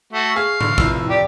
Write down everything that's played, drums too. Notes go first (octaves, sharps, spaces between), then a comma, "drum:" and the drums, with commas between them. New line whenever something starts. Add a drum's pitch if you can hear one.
A3 F#4 C#6
G#4 F5
D3, drum: tom G#2
F1 F3 E4 E6, drum: kick
G4 D5